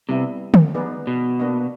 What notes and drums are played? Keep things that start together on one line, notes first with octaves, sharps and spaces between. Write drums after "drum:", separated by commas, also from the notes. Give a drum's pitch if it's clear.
C3 G3 B3 E4
drum: tom
B3 D#4 G#4 B4 D5
B2
A#3 D4 F#4 B4 D#5